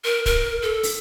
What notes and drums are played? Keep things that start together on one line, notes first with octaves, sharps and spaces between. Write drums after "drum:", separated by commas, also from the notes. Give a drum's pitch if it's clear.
A#4
A#4, drum: kick, hi-hat
A4
drum: open hi-hat